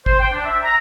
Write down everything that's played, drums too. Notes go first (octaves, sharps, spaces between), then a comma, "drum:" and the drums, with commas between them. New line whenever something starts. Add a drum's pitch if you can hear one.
C5, drum: kick
G5
D4
E5
A#5